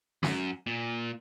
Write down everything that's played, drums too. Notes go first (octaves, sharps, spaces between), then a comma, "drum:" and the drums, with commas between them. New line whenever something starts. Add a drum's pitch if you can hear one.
F#2, drum: snare
A#2